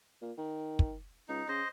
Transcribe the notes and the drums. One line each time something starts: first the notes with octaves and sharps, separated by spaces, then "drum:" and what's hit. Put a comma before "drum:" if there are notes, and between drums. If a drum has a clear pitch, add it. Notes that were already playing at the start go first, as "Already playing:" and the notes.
A#2
D#3
drum: kick
C#2 D#4
C#3 C5 D#5